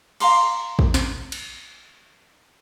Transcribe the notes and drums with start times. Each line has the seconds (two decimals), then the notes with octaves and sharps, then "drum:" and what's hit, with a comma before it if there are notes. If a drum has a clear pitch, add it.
0.20 F5 A#5 C6 D6, drum: cymbal
0.79 drum: kick
0.94 drum: snare
1.32 drum: cymbal